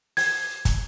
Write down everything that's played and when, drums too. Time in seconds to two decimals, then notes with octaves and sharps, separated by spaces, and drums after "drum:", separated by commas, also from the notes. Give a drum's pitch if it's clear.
0.17 G#6, drum: open hi-hat
0.65 drum: kick, hi-hat